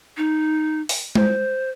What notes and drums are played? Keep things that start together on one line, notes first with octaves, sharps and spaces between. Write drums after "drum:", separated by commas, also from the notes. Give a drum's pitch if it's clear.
D#4
drum: open hi-hat
C5, drum: tom G#3